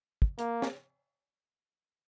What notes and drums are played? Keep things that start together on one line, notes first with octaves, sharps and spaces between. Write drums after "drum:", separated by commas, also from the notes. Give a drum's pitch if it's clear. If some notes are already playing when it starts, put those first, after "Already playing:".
drum: kick
A#3, drum: hi-hat
drum: snare